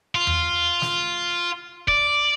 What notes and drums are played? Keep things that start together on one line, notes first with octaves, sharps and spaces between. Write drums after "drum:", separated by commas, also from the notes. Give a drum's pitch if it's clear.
F4
drum: tom E2
drum: snare
D5, drum: kick